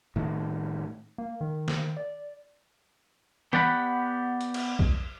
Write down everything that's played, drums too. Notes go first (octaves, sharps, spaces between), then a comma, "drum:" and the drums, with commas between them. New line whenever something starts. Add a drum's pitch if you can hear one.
A2 D#3
A#3
D#3
drum: snare
D5
B3 G4 D5 F#5 A#5 B5, drum: tom E3
drum: hi-hat
drum: cymbal
drum: kick